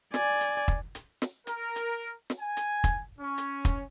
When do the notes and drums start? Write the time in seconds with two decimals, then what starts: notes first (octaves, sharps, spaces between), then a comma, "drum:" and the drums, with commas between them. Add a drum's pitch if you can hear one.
0.14 D5 G#5, drum: snare
0.41 drum: hi-hat
0.68 drum: kick
0.95 drum: hi-hat
1.22 drum: snare
1.47 A#4, drum: hi-hat
1.76 drum: hi-hat
2.30 drum: snare
2.40 G#5
2.57 drum: hi-hat
2.84 drum: kick, hi-hat
3.19 C#4
3.38 drum: hi-hat
3.65 drum: kick, hi-hat